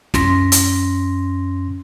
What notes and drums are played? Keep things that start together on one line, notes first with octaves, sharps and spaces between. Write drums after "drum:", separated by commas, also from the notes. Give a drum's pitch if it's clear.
F#2 C#4 C6 A#6 B6, drum: snare
drum: hi-hat